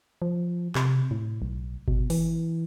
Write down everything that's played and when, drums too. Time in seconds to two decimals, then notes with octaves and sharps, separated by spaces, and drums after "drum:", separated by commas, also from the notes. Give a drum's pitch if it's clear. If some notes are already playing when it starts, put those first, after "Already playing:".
0.22 F3
0.75 C3, drum: clap
1.11 A2
1.42 B1
1.88 B2, drum: kick G1
2.10 E3, drum: open hi-hat